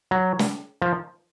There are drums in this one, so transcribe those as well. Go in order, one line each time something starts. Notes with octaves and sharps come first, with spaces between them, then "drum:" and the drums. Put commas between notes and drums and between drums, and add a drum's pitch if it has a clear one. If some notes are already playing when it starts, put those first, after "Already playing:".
F#3
drum: snare
F3